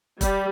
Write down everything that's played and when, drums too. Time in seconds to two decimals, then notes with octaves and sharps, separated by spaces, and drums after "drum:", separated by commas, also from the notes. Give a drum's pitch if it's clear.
0.21 G3, drum: kick F1, hi-hat